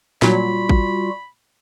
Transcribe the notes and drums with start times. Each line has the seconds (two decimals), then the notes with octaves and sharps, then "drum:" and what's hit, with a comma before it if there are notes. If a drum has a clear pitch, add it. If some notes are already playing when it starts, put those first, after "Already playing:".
0.22 A#2 F#3 G3 F4 F#4 B5, drum: snare
0.69 drum: kick